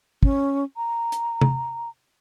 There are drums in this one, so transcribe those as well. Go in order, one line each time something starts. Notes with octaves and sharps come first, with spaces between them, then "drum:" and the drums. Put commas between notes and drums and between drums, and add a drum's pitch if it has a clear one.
C#4, drum: kick
A#5
drum: hi-hat
drum: tom C3